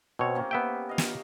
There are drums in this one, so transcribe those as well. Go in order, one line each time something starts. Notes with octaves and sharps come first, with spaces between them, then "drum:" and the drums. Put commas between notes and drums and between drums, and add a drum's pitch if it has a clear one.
B2 C4 C#5
A#3 C#4 G4
B3 E5 G5
D#5 F5
drum: snare